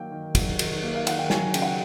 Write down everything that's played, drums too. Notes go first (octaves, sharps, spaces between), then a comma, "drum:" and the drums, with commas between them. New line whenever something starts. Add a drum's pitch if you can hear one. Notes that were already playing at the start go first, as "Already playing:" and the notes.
Already playing: D#3 F#3 A#3 G5
D#3
F#3, drum: kick, cymbal
D#3, drum: cymbal
A#3
F5
D#3 F#5, drum: cymbal
G5
F#3 G#5, drum: snare
C#3 G5, drum: cymbal
F#5